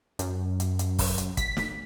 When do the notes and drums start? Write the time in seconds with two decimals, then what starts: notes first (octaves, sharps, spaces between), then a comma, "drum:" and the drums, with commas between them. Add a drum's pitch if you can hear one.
0.19 F#2, drum: hi-hat
0.60 drum: hi-hat
0.79 drum: hi-hat
0.99 drum: kick, open hi-hat
1.18 drum: hi-hat
1.37 B6, drum: kick, hi-hat
1.57 drum: snare